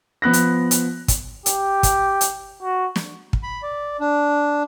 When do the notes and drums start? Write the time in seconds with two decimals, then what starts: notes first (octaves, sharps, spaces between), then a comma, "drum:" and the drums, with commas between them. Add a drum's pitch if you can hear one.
0.22 F3 B3 F#6 A#6
0.33 drum: hi-hat
0.71 drum: hi-hat
1.08 drum: kick, hi-hat
1.46 G4, drum: hi-hat
1.83 drum: kick, hi-hat
2.21 drum: hi-hat
2.63 F#4
2.96 drum: snare
3.33 drum: kick
3.43 B5
3.63 D5
4.00 D4